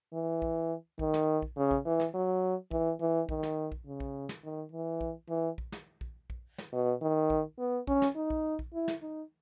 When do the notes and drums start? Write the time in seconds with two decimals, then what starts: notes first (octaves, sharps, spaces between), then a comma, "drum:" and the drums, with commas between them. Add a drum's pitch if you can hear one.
0.13 E3
0.42 drum: kick A#1
0.99 D#3, drum: kick A#1
1.14 drum: snare
1.42 drum: kick A#1
1.57 C#3
1.71 drum: kick A#1
1.85 E3
2.00 drum: snare
2.14 F#3
2.71 E3, drum: kick A#1
3.01 E3
3.29 D#3, drum: kick A#1
3.43 drum: snare
3.72 drum: kick A#1
3.86 C#3
4.00 drum: kick A#1
4.29 drum: snare
4.43 D#3
4.72 E3
5.01 drum: kick A#1
5.29 E3
5.58 drum: kick A#1
5.72 drum: snare
6.01 drum: kick A#1
6.30 drum: kick A#1
6.58 drum: snare
6.73 B2
7.02 D#3
7.30 drum: kick A#1
7.59 B3
7.87 C#4, drum: kick A#1
8.02 drum: snare
8.16 D#4
8.30 drum: kick A#1
8.59 drum: kick A#1
8.73 E4
8.88 drum: snare
9.02 D#4